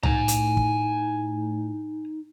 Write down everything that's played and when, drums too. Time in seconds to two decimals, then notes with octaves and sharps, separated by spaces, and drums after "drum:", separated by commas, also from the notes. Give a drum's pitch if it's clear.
0.03 A2 D#4 G#5 A#5, drum: tom C2
0.28 drum: hi-hat
0.57 drum: kick